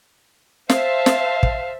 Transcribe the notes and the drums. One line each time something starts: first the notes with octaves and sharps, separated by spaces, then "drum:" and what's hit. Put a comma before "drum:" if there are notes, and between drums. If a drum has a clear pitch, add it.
C5 E5 F5 A5, drum: snare
drum: snare
drum: kick